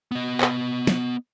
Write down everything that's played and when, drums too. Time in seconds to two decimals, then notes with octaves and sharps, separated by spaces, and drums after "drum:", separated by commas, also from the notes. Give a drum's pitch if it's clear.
0.12 B3 D#5
0.41 drum: clap
0.87 drum: snare